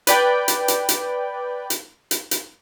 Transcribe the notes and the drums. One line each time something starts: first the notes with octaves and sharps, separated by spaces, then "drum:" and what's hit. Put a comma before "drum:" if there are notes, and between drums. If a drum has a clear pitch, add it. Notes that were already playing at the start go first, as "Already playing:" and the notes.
B4 D5 G5, drum: hi-hat
drum: hi-hat
drum: hi-hat
drum: hi-hat
drum: hi-hat
drum: hi-hat
drum: hi-hat